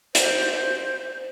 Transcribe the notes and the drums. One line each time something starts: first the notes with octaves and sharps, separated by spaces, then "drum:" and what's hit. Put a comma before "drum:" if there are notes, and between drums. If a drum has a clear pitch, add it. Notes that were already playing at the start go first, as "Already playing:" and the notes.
C5, drum: hi-hat